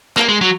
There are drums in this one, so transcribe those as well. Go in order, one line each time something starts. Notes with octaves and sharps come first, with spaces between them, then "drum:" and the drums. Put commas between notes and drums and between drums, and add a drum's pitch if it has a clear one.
A#3, drum: clap
G#3
F#3